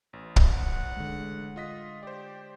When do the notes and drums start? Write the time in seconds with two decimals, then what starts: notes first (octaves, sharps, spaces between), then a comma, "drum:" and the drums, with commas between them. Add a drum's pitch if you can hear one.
0.13 A1
0.36 drum: kick
0.54 F#5
0.97 D3 G#3
1.56 F4 D#5 B6
2.03 G4 C5 D5